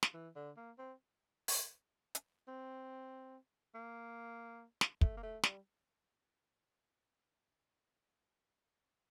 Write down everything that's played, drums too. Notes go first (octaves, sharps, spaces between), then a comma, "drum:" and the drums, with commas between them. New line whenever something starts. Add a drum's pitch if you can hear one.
drum: snare
E3
D3
A#3
C4
drum: open hi-hat
drum: hi-hat
C4
A#3
drum: snare
A3, drum: kick
A#3
A3
G3, drum: snare